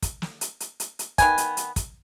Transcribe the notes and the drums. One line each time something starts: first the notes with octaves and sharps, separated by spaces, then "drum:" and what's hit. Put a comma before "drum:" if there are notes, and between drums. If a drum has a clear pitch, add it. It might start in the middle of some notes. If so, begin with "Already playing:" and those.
drum: kick, hi-hat
drum: snare
drum: hi-hat
drum: hi-hat
drum: hi-hat
drum: hi-hat
D#3 B3 G#5, drum: kick, hi-hat
drum: hi-hat
drum: hi-hat
drum: kick, hi-hat